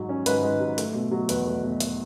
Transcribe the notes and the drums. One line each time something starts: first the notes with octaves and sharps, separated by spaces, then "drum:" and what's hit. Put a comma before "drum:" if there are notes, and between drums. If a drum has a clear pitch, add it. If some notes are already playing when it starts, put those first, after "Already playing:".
Already playing: G#2 F#3
C#4
G#2 B4, drum: hi-hat
G#2
F#3
A3, drum: hi-hat
B2
F#3
E2 B4, drum: hi-hat
A3
B2
drum: hi-hat